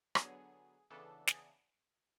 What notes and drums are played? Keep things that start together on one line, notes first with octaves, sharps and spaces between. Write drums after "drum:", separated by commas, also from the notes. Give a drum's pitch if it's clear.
D3 F#3 B3 G#4, drum: rim click
C#3 E3 B3 D4 A4
G#4, drum: snare